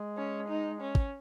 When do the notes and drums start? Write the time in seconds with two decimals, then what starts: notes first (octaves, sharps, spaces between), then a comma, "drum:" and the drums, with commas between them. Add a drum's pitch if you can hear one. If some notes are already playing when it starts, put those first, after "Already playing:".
Already playing: G#3
0.17 C#4
0.49 D#4
0.81 C#4
0.95 drum: kick